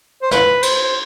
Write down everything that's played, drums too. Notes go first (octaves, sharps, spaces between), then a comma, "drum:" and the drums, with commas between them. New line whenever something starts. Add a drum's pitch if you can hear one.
C5
B4, drum: snare
C5, drum: cymbal